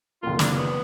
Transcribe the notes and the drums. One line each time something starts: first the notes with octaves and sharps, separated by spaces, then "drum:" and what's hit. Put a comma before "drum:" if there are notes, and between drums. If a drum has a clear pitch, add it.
F#1 F2 F3 A#3 F4
D4, drum: snare
B3